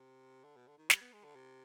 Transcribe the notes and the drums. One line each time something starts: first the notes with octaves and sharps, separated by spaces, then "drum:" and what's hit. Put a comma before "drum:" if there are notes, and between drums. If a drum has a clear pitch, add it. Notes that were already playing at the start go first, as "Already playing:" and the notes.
Already playing: C3
D3
B2
D3
D#3
G3, drum: snare
B3
G#3
D3
C3